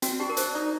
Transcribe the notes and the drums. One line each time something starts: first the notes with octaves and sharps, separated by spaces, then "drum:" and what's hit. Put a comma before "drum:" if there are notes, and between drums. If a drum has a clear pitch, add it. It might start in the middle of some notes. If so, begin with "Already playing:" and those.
C4 F#4, drum: hi-hat
D4 G4
A#4
D4 C5, drum: hi-hat
D#4 D5